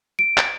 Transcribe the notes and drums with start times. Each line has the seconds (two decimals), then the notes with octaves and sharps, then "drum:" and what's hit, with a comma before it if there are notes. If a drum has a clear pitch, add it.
0.19 D7
0.38 drum: clap